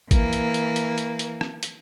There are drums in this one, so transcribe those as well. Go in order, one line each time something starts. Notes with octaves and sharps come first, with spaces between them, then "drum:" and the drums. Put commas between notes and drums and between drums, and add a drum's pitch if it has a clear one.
E3 A#3, drum: kick, hi-hat
drum: hi-hat
drum: hi-hat
drum: hi-hat
drum: hi-hat
drum: hi-hat
drum: rim click
drum: hi-hat